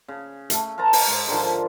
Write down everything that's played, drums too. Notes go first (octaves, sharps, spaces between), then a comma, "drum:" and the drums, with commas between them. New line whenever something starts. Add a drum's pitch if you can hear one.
C#3
A3, drum: hi-hat
A#4 C5 A5 A#5
drum: open hi-hat
G#2
G#2 D3 D#3 F3